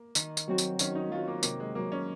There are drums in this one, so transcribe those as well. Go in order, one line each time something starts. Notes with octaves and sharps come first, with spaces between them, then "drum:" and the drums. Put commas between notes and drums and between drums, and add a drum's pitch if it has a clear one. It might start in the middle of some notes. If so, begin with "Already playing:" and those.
Already playing: A#3
D#3, drum: tambourine
drum: tambourine
F#3 C4 F#4
drum: tambourine
D#3 C#4, drum: tambourine
D#4
F#3 C4 F4 F#4
A#3
C3 A#3, drum: tambourine
G#3
D#3 F#3 A#3
C#4